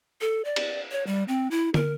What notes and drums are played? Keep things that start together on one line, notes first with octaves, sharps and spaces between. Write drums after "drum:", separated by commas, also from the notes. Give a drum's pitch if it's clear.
A4
D5
drum: cymbal
C#5
G3
C4
E4
A#4, drum: tom D3